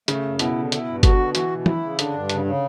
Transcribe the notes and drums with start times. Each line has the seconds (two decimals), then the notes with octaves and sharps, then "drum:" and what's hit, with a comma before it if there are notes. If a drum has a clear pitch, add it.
0.08 C#3 A3, drum: hi-hat
0.25 F#2
0.39 B2 E4, drum: hi-hat
0.56 D3
0.72 E4, drum: hi-hat
0.88 G2
1.03 D3 F#4, drum: kick G1, hi-hat
1.18 B2
1.35 E3 F#4, drum: hi-hat
1.51 B2
1.66 E4, drum: tom
1.83 C#3
1.99 D3 D4, drum: hi-hat
2.14 G2
2.29 C#3, drum: hi-hat
2.45 C#3